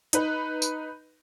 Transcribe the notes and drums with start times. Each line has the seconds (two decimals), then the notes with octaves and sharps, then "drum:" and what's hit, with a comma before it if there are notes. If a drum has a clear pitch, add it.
0.13 D#4 B4, drum: hi-hat
0.62 drum: tambourine